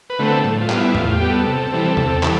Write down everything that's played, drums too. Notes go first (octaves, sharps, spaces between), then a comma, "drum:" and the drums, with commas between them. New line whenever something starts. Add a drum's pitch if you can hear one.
B4
D3 A3 C4
A4
A2, drum: tom F#3
F4
G3 B3, drum: clap
E4
A2 F4, drum: tom E2
G4
G3 B3
A4
C3
E3 G3 C4
C3, drum: tom E2
E3 G3, drum: clap